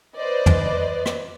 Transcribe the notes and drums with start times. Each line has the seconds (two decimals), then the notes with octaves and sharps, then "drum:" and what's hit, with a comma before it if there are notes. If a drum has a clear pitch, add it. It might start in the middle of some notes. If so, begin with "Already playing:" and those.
0.16 B4 C5 D5 D#5
0.46 drum: tom
1.06 drum: rim click